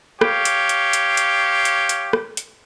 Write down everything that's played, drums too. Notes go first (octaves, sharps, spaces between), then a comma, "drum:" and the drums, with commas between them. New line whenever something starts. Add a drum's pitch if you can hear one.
G4 C#5 F5, drum: rim click
drum: hi-hat
drum: hi-hat
drum: hi-hat
drum: hi-hat
drum: hi-hat
drum: hi-hat
drum: rim click
drum: hi-hat